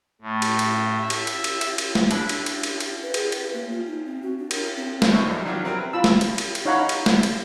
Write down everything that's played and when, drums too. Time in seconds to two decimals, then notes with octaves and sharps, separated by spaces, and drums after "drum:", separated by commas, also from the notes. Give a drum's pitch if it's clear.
0.21 A2
0.42 drum: cymbal
0.59 drum: cymbal
1.01 E5
1.10 drum: cymbal
1.27 drum: cymbal
1.44 drum: cymbal
1.61 drum: cymbal
1.78 drum: cymbal
1.95 drum: snare
2.11 D4 E4 B4, drum: cymbal
2.29 drum: cymbal
2.46 drum: cymbal
2.63 drum: cymbal
2.80 drum: cymbal
3.02 B4
3.14 G#4, drum: cymbal
3.32 B4, drum: cymbal
3.54 A#3
3.71 F4
3.86 D#4
4.05 C4
4.22 F#4
4.39 D4
4.51 A#4, drum: cymbal
4.77 C4
5.02 drum: snare
5.11 B1 D#3 F3 C5 E5 C#6
5.27 F#2 G3
5.45 D#3 F#3 D4 F4 G4
5.64 F#3 C4 E4 A#4 B4
5.93 F4 A5 B5 E6
6.04 drum: snare
6.21 drum: cymbal
6.38 drum: cymbal
6.55 drum: cymbal
6.65 D#4 C#5 F5 F#5 A#5 B5
6.89 drum: cymbal
7.06 drum: snare
7.23 drum: cymbal